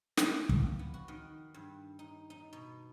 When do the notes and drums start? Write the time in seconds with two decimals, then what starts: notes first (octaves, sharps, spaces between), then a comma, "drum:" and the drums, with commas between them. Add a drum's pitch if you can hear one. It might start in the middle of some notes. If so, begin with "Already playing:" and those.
0.17 E5, drum: snare
0.49 F2, drum: kick
0.79 B3
0.94 F#4
1.08 D#3
1.54 G2
1.99 D#4
2.30 D#4
2.53 B2